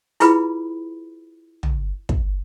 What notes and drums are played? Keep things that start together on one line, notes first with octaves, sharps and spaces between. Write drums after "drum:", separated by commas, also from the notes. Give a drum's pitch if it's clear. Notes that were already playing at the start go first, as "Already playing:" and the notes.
E4 F4 G#4 B4 B5, drum: hi-hat
drum: tom
drum: kick